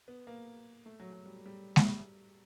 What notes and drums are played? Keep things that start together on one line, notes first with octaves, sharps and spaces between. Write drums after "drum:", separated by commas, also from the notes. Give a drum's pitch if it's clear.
B3
A#3
A3
F#3
F#3
G3
G3
drum: snare G#3